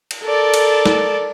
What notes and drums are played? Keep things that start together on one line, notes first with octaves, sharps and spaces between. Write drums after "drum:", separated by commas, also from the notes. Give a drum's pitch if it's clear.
drum: cymbal
A4 A#4 D5
drum: cymbal
drum: snare